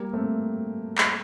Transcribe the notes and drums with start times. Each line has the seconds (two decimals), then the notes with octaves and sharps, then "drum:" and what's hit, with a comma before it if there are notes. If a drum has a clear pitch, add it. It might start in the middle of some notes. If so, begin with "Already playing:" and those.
Already playing: G3 A#3
0.13 A3 C4
0.98 drum: clap